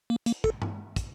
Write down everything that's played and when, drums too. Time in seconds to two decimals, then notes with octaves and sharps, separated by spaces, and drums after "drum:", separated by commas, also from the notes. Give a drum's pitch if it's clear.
0.10 A#3
0.26 A#3, drum: hi-hat
0.44 A4, drum: kick
0.62 drum: tom G2
0.96 drum: kick, hi-hat